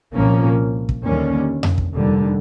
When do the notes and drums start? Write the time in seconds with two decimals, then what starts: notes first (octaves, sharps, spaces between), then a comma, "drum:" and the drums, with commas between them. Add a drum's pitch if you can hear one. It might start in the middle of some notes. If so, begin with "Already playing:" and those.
0.14 C2 A#2 F3 A#3 C#4
0.89 drum: kick
1.04 D#2 D3 G3 A#3 C#4
1.63 drum: tom F2
1.78 drum: kick
1.92 F1 D#2 D3 G3